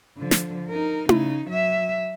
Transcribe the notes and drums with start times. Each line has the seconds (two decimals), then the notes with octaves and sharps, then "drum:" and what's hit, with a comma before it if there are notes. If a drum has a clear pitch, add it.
0.18 D3 F3
0.31 drum: snare
0.69 D#4 A#4
1.09 C#3 D#4, drum: tom E4
1.47 F#3 E5